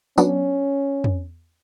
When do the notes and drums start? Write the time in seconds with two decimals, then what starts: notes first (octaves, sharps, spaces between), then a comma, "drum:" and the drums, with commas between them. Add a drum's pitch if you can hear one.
0.18 F#3 B3 C#4 D4, drum: tambourine
1.04 drum: tom